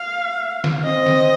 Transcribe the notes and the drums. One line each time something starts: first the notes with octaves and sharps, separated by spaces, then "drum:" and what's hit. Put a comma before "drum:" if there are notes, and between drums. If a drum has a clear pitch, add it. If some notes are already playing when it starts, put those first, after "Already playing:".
Already playing: F5
drum: snare
C4 D#5
drum: snare